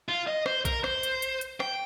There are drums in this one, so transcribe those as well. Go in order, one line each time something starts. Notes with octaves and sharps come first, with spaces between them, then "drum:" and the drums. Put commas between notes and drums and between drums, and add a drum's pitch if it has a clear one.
F4
D#5
C5, drum: rim click
A#4, drum: kick B1, hi-hat
C5, drum: rim click
drum: hi-hat
drum: hi-hat
drum: hi-hat
G5, drum: rim click